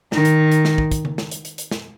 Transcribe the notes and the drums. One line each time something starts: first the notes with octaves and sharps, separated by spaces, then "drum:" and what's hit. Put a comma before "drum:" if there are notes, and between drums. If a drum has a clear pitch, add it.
D#3, drum: snare
drum: hi-hat
drum: hi-hat
drum: snare
drum: kick
drum: kick, hi-hat
drum: tom C#3
drum: snare
drum: hi-hat
drum: hi-hat
drum: hi-hat
drum: snare